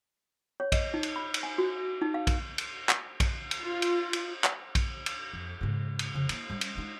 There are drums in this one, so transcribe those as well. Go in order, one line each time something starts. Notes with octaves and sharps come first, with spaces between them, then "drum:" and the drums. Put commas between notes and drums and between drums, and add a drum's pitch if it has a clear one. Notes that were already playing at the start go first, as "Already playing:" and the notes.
C#5
D#5, drum: kick A#1, cymbal
D#4
drum: cymbal
B5
drum: cymbal
G#5
F#4
D#4
F5
drum: kick A#1, cymbal
drum: cymbal
drum: clap
drum: kick A#1, cymbal
drum: cymbal
F4
drum: cymbal
drum: cymbal
drum: clap
drum: kick A#1, cymbal
drum: cymbal
F2
G#2 C#3
drum: cymbal
F2 C#3
A#3 E4, drum: cymbal
G3 C#4
drum: cymbal
G#3 D#4